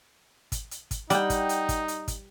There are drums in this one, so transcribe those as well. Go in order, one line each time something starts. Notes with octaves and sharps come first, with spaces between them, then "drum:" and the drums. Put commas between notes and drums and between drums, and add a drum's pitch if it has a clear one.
drum: kick, hi-hat
drum: hi-hat
drum: kick, hi-hat
G3 D#4 F#5 G5, drum: hi-hat
drum: kick, hi-hat
drum: hi-hat
drum: kick, hi-hat
drum: hi-hat
drum: kick, hi-hat